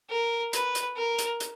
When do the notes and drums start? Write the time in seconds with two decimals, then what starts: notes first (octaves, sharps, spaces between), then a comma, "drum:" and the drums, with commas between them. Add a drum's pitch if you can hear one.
0.10 A#4
0.53 B4, drum: hi-hat
0.75 drum: hi-hat
0.96 A#4
1.19 drum: hi-hat
1.40 drum: hi-hat